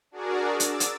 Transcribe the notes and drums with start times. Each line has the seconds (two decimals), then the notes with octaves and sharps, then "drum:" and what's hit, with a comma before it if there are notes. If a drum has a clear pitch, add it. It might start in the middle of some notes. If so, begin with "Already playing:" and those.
0.11 D4 F#4 G#4 A#4 D5
0.60 D6 E6 A6, drum: hi-hat
0.80 drum: hi-hat